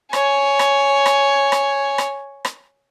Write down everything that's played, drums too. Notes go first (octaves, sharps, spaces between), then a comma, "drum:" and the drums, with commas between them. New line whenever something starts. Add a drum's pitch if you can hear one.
C#5 G#5, drum: rim click
drum: rim click
drum: rim click
drum: rim click
drum: rim click
drum: rim click